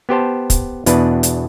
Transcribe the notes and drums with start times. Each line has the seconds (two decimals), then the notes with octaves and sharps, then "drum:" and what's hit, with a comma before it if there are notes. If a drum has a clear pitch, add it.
0.09 B3 G4 C5 A5
0.50 drum: kick, hi-hat
0.86 E2 B2 D4 B4, drum: hi-hat
1.23 drum: hi-hat